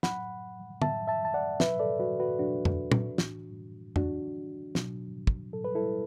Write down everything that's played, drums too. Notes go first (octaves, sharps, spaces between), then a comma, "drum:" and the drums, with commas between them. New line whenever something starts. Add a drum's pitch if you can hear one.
A2 F#3 F#5 B5, drum: snare
A2 F#3 E5 A5, drum: tom
E5 A5
A5
D5 F#5
B2 F#3 B4 E5, drum: snare
A4 D5
F#4 B4
F#4 B4
B2 F#3 D4 F#4
drum: tom F2
drum: tom
A2 E3, drum: snare
A2 E3 D4 F#4, drum: tom F2
B2 F#3, drum: snare
drum: kick
B2 F#3 A4
B4
E4 A4